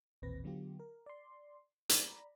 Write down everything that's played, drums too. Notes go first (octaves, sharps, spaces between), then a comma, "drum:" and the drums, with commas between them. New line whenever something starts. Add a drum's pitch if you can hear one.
A1 D#2 A#2 C4 B4 A#6
D3 F#3 B3 F4 G4
A#4
D5 C6
D5 A#5 B5, drum: hi-hat